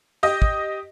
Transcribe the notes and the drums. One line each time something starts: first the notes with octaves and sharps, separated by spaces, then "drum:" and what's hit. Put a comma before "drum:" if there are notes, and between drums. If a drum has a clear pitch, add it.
G4 D#5
drum: kick